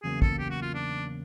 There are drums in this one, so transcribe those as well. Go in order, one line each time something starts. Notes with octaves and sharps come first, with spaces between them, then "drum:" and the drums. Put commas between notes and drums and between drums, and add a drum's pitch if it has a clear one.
E2 C#3 F#3 A#3 G#4
A4, drum: kick
G4
F#4
F4
D4